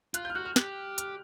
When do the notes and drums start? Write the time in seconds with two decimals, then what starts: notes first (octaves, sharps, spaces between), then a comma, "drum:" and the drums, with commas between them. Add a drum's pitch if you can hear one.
0.14 F4 F#6, drum: hi-hat
0.25 F6 G6
0.35 F#4 F#6
0.45 F6
0.56 G4 F#6, drum: snare
0.98 F6, drum: hi-hat